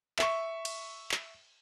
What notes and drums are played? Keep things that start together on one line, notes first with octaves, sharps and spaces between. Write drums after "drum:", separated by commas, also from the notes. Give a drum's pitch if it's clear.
E5 C#6, drum: clap
drum: cymbal
drum: clap